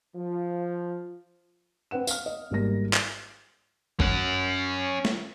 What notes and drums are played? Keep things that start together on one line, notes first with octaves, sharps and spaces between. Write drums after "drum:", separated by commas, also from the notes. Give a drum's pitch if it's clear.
F3
C4 B4 F#5 E7
F5 F6, drum: tambourine
D#5
G#1 F#3 G3 A#3 A#6
drum: clap
C#4 F#5, drum: kick G#1
drum: snare